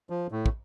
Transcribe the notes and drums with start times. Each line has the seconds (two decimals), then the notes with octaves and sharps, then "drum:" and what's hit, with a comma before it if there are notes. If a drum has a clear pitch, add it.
0.10 F3
0.32 A2
0.46 drum: kick